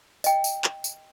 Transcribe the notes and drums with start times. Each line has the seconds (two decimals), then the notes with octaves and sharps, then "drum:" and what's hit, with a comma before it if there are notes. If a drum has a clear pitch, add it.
0.24 D#5 G5, drum: tambourine
0.44 drum: tambourine
0.64 drum: clap
0.84 drum: tambourine